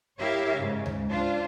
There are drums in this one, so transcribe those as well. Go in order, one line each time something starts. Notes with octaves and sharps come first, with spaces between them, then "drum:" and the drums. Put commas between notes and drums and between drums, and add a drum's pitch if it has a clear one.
E4 G4 A#4 C#5 E5 F5
G#2 C#3
drum: tom D2
D4 F4 C5